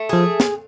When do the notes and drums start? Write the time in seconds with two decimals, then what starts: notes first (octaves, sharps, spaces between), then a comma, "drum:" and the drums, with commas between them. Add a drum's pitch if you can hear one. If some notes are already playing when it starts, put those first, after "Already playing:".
Already playing: A3
0.09 F3 G#4
0.40 drum: snare